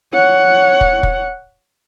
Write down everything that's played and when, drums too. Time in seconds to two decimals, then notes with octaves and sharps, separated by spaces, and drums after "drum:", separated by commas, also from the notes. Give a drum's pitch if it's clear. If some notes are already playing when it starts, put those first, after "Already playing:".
0.14 C#5 F#5
0.81 drum: kick
1.03 drum: kick